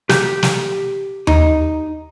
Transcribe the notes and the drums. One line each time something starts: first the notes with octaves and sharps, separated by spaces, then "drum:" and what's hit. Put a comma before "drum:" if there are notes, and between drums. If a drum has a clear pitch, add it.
G4 G6, drum: snare
drum: snare
D#4, drum: tom D#2